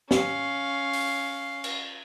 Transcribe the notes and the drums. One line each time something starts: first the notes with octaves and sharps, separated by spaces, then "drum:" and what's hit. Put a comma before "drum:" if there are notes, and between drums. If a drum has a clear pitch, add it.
C#4 F5, drum: snare
drum: open hi-hat
drum: cymbal